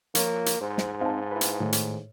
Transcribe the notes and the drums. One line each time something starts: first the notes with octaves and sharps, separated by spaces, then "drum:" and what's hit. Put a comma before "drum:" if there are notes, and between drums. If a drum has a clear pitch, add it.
F3 A#3 F4 C#5, drum: hi-hat
drum: hi-hat
G#2 C5
drum: snare
C4 D#4 F5 A5
E4 B4
drum: hi-hat
A2 D#3
drum: hi-hat